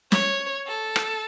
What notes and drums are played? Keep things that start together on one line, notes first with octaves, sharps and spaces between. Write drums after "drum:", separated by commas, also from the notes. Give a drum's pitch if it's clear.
C#5, drum: snare
A4
drum: rim click